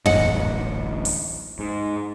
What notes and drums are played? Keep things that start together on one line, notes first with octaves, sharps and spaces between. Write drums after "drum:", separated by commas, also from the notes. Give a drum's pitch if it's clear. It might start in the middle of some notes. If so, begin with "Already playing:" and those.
D1 A1 D#5 F#5, drum: tom
drum: open hi-hat
G#2